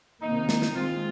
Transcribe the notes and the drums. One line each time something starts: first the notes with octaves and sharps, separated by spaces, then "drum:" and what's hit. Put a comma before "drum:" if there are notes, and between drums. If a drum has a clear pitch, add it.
C3 D#3 A#3 D#4
drum: snare
drum: snare
D#3 G#3 C4 F4